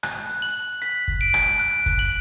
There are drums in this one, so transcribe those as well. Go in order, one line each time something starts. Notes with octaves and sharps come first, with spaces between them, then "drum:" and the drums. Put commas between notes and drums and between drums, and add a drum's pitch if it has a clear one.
F#6, drum: rim click
drum: hi-hat
F#7
B6, drum: hi-hat
drum: kick
D7
drum: rim click
F#6
drum: kick, hi-hat
F#7